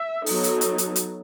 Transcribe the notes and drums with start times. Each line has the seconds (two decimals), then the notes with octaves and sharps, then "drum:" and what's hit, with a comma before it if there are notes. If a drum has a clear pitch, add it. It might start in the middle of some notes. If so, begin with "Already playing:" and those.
Already playing: E5
0.26 F#3 B3 D#4 A4, drum: open hi-hat
0.44 drum: hi-hat
0.61 drum: hi-hat
0.78 drum: hi-hat
0.96 drum: hi-hat